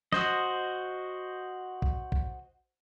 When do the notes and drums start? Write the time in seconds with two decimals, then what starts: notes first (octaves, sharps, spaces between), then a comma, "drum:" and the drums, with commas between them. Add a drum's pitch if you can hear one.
0.13 F#4 C5 D#5, drum: snare
1.82 drum: kick
2.12 drum: kick